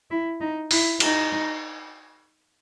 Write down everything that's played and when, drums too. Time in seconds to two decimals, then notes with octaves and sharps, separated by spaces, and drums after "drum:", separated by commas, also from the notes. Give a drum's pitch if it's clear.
0.11 E4
0.40 D#4
0.71 E4, drum: open hi-hat
1.00 D#4, drum: cymbal